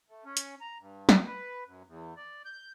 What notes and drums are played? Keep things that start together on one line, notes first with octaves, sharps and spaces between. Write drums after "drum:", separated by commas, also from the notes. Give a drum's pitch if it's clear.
A3
C#4
drum: hi-hat
A#5
G2
drum: snare
B4
F#2
E2
D5
G6